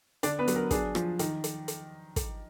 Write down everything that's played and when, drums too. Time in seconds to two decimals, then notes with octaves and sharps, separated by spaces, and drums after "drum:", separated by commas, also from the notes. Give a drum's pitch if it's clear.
0.23 D3 D4 D5, drum: hi-hat
0.39 B3 B4
0.48 F#3, drum: hi-hat
0.56 A#4
0.71 D4 G#4, drum: kick, hi-hat
0.95 F3, drum: rim click
1.19 D#3, drum: hi-hat
1.44 drum: hi-hat
1.68 drum: hi-hat
2.16 drum: kick, hi-hat